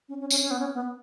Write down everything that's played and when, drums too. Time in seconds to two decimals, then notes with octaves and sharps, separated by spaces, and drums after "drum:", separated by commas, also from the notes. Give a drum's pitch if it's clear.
0.09 C#4
0.20 C#4
0.31 C#4, drum: tambourine
0.42 C#4
0.51 B3
0.60 C#4
0.74 B3